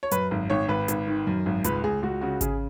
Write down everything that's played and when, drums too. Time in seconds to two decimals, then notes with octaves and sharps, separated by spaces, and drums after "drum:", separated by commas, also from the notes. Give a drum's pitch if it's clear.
0.03 C#5
0.11 F#2 B4, drum: hi-hat
0.31 G#1
0.50 G#1 C#5
0.68 G#1 B4
0.88 G#1, drum: hi-hat
1.07 D#3
1.27 F#2
1.46 G#1
1.64 C#2 B4, drum: hi-hat
1.84 C#2 G#4
2.02 C#2 F#4
2.21 C#3 F#4
2.41 C#3 G#4, drum: kick G#1, hi-hat